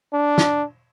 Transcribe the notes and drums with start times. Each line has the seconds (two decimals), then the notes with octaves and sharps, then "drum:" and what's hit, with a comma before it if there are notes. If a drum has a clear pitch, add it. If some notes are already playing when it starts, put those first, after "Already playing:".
0.13 D4
0.38 drum: snare